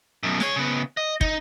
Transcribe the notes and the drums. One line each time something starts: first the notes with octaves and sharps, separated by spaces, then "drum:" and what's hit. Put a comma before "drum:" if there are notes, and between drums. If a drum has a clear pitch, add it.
F#2 B2
G#3 C#5, drum: snare
C#3 B3
D#5
D#4, drum: kick